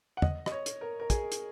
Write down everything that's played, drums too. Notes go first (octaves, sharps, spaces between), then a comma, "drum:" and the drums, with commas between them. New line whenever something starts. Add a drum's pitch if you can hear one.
F#5
D#5, drum: tom
D#5, drum: rim click
C#5
drum: hi-hat
A#4
A#4
G#4, drum: kick, hi-hat
drum: hi-hat